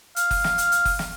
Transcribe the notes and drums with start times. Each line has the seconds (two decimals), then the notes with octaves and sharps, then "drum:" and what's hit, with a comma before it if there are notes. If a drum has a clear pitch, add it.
0.16 F5, drum: hi-hat
0.31 drum: kick F#1, open hi-hat
0.44 drum: snare
0.58 drum: hi-hat
0.72 drum: hi-hat
0.85 drum: kick F#1, open hi-hat
0.99 drum: snare